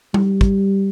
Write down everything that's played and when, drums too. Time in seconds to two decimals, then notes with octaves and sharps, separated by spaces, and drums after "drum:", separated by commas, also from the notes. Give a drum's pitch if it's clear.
0.14 G3, drum: tom G3
0.41 drum: kick